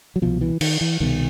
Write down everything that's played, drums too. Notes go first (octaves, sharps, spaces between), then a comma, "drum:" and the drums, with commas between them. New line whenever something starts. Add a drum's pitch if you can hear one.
F#3
C2 B2 F3
E3
D#3, drum: cymbal
E3
C2 B2 D#3